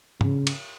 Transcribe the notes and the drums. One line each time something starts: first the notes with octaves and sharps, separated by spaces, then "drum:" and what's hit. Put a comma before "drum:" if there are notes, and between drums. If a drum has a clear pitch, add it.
C#3, drum: tom
drum: cymbal